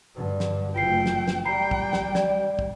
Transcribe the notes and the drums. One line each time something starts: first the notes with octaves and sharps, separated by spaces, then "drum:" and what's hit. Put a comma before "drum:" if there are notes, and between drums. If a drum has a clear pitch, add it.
G2 D3
drum: snare
F#1 A3 F4 G5 C7
drum: snare
drum: snare
G3 G5 A#5 B5 C7
drum: kick
drum: snare
D5, drum: snare
drum: kick